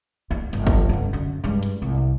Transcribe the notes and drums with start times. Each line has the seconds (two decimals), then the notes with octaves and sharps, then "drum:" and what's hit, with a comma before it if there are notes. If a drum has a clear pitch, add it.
0.31 D#2
0.53 G1, drum: hi-hat
0.67 drum: kick, hi-hat
0.89 C#2 G2
1.13 F#2 D3
1.44 G2 G#3
1.63 drum: hi-hat
1.82 C2